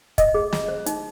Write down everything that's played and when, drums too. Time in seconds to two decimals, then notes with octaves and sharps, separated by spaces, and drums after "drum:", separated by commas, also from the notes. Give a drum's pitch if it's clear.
0.18 D#5, drum: kick, hi-hat
0.34 G#4
0.53 F4, drum: snare
0.69 C5
0.86 D#4, drum: hi-hat